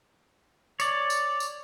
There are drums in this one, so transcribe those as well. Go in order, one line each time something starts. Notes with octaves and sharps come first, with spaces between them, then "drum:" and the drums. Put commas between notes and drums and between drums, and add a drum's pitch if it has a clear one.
C#5 D5, drum: tambourine
drum: tambourine
drum: tambourine